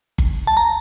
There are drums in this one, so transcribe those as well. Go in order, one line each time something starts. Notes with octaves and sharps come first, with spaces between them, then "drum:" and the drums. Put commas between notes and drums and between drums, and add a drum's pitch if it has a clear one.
drum: kick G1
A5
A#5